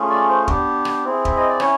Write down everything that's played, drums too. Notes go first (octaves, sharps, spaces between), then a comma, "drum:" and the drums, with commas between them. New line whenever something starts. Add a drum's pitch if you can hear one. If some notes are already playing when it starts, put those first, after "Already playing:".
Already playing: A3 C#4 F4 G#4
D5
C5
B3 D4 G4, drum: kick
drum: rim click
C4 E4 G#4
E5, drum: kick
D#5
D5
C#4 E4 C#5, drum: rim click